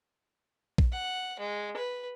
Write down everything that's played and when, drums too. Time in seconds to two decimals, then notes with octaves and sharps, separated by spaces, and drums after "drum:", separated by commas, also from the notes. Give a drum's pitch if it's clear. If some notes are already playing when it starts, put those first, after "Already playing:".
0.78 drum: kick A#1
0.92 F#5
1.39 G#3
1.77 B4